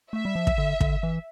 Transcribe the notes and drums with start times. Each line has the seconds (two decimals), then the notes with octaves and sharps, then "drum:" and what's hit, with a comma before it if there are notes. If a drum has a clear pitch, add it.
0.13 A3 E5
0.25 G3
0.35 F3
0.47 drum: kick
0.58 D3
0.81 D3, drum: kick
1.03 E3